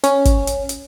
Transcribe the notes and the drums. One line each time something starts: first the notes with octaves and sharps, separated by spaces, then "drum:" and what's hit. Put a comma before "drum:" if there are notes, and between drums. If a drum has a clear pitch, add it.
C#4, drum: hi-hat
drum: kick, hi-hat
drum: hi-hat
drum: hi-hat